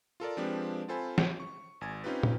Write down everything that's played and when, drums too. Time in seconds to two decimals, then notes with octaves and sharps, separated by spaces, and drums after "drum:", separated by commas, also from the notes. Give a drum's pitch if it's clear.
0.20 F4 A4 A#4 D5
0.37 F3 G#3 C4 D4 G4 B4
0.88 C4 F4 A4 C5 G#5 B5
1.18 drum: snare
1.40 C#6
1.81 G#1 G#5 G#6
2.04 C4 C#4 D#4 F4 G4 B4
2.23 drum: tom